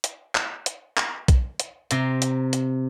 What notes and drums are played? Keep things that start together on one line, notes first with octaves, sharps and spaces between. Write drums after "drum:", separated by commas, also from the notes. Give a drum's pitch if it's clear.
drum: hi-hat
drum: clap
drum: hi-hat
drum: clap
drum: kick B1, hi-hat
drum: hi-hat
C3 A#5 C6, drum: hi-hat
drum: hi-hat
drum: hi-hat